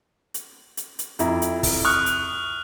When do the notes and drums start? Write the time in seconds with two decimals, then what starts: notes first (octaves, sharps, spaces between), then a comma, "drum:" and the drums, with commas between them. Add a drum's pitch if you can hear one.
0.34 drum: hi-hat
0.77 drum: hi-hat
0.99 drum: hi-hat
1.19 F2 E4 A#5, drum: hi-hat
1.42 drum: hi-hat
1.63 drum: kick, open hi-hat
1.85 C#6 D#6 F6 F#6
2.06 drum: hi-hat